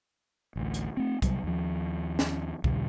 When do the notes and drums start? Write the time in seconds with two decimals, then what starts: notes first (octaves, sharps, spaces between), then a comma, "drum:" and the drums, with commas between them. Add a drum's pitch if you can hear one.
0.56 A1 D2
0.74 drum: hi-hat
0.97 A3 C4
1.22 C3 F#3 G3, drum: kick, hi-hat
1.44 D#2 F3
2.19 drum: snare
2.64 E2 B2 D3 G3, drum: kick